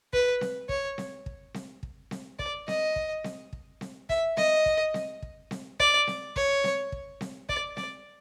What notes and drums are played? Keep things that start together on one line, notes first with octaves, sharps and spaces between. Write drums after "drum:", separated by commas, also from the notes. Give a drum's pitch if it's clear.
B4, drum: kick
drum: snare C4
C#5, drum: kick
drum: snare C4
drum: kick
drum: snare C4
drum: kick
drum: snare C4
D5, drum: kick
D#5, drum: snare C4
drum: kick
drum: snare C4
drum: kick
drum: snare C4
E5, drum: kick
D#5, drum: snare C4
drum: kick
drum: snare C4
drum: kick
drum: snare C4
D5, drum: kick
drum: snare C4
C#5, drum: kick
drum: snare C4
drum: kick
drum: snare C4
D5, drum: kick
D5, drum: snare C4